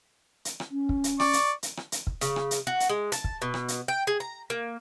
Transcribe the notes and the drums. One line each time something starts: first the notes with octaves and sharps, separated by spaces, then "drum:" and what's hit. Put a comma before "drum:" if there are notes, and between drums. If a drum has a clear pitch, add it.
drum: hi-hat
drum: rim click
C#4
drum: kick
drum: hi-hat
D5 C#6, drum: rim click
drum: hi-hat
drum: hi-hat
drum: rim click
drum: hi-hat
drum: kick
C#3, drum: hi-hat
drum: rim click
drum: hi-hat
F#4
drum: hi-hat
G#3
A5, drum: hi-hat
drum: kick
B2
drum: rim click
drum: hi-hat
G5
G#4
A#5
A#3